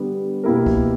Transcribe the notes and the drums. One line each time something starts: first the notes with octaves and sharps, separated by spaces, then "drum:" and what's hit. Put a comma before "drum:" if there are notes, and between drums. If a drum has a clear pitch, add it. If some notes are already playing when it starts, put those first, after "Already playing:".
Already playing: D3 G3 B3
B2 A#3 E4 G4 A#4
drum: kick C#2